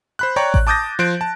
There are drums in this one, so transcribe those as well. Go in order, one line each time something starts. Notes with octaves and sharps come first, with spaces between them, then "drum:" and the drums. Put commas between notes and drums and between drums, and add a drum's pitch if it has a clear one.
C5 B5 F#6
C#5 D5 G5 A#5 C#6
drum: kick A1
A5 D6 D#6 G6 A6 A#6
F3 C5 F#6 D7
A5